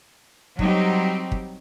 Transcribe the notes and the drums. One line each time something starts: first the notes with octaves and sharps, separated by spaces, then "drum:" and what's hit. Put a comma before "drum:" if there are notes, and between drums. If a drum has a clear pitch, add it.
F#3 G3 C4 D#4 G4, drum: kick
drum: kick